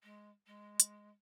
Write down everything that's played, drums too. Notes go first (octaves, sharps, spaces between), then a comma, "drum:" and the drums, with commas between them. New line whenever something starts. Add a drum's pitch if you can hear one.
G#3
G#3
drum: hi-hat